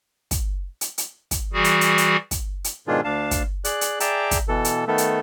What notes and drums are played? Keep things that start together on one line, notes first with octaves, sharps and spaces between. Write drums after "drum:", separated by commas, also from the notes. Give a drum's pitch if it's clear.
drum: kick, hi-hat
drum: hi-hat
drum: hi-hat
drum: kick, hi-hat
E3 G3 F#4 G#4
drum: hi-hat
drum: hi-hat
drum: hi-hat
drum: kick, hi-hat
drum: hi-hat
G#2 B2 D#3 D4 F4 G#4
D2 D4 F5 A5
drum: kick, hi-hat
G#4 D5 F#6, drum: hi-hat
drum: hi-hat
G#4 D5 E5 G5 A5 A#5, drum: hi-hat
drum: kick, hi-hat
B2 E3 A4
drum: hi-hat
D#3 A3 B3 A4
drum: hi-hat